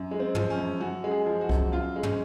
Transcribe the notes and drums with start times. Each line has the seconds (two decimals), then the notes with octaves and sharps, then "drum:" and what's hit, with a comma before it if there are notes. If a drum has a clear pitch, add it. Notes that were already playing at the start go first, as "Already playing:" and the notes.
Already playing: F#2
0.11 G#3
0.20 C4
0.35 F3, drum: tom
0.50 C#4
0.58 F#2
0.80 F#2 F#4
1.04 G#3
1.11 G#4
1.26 F3
1.41 F#4
1.49 F#2, drum: kick C2
1.72 F#2 F4
1.96 G#3
2.03 C#4, drum: tom